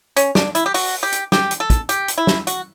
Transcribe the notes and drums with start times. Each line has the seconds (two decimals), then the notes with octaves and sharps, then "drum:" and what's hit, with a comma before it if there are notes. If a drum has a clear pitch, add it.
0.16 C#4, drum: hi-hat
0.35 D4, drum: snare
0.55 E4, drum: hi-hat
0.66 G4
0.74 F#4, drum: open hi-hat
1.03 G4
1.12 drum: hi-hat
1.32 G4, drum: snare
1.51 drum: hi-hat
1.60 A4
1.70 drum: kick, hi-hat
1.89 G4, drum: hi-hat
2.08 drum: hi-hat
2.18 E4
2.27 drum: snare
2.47 F#4, drum: hi-hat